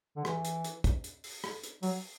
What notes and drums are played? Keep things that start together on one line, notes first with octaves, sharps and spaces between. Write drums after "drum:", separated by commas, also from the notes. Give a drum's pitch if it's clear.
D3
E3, drum: rim click
drum: hi-hat
drum: hi-hat
drum: kick, hi-hat
drum: hi-hat
drum: open hi-hat
drum: rim click
drum: hi-hat
F#3, drum: open hi-hat